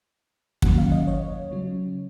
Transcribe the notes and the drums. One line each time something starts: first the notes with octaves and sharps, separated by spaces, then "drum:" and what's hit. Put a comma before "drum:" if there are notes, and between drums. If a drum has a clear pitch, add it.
D#3 F#3 A#3 C#4 F#5, drum: kick
F5
D#5
C#5
C#3 F#3 C#4